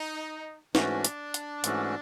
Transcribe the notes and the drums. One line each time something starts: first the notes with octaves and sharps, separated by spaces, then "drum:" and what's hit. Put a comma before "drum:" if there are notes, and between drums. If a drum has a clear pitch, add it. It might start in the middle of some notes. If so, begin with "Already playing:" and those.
Already playing: D#4
G#2 E3 A3 C#4 D4 F#4, drum: snare
drum: hi-hat
drum: hi-hat
G#2 E3 A3 C#4 F#4, drum: hi-hat